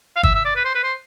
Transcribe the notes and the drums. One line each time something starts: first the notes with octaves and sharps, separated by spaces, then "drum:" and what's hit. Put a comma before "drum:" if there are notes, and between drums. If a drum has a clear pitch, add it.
F5
E5, drum: kick
E5
D5
B4
C5
B4
C5